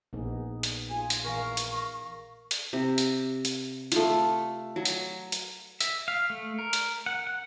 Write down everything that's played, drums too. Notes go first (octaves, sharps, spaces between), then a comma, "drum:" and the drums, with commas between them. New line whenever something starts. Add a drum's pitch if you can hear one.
A#1 B3 D#4 G#4
drum: hi-hat
F4 G#4 G#5
drum: hi-hat
A#2 E3 A#4 F5 C#6
drum: hi-hat
drum: hi-hat
C3
drum: hi-hat
drum: hi-hat
A3 F4, drum: hi-hat
F#3
drum: hi-hat
drum: hi-hat
E5, drum: hi-hat
F5
A3
A#4
drum: hi-hat
F#5
F#5